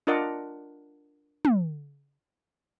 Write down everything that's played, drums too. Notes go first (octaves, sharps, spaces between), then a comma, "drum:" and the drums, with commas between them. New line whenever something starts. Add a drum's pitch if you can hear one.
D4 F4 A#4 D5 D#5 F#5
drum: tom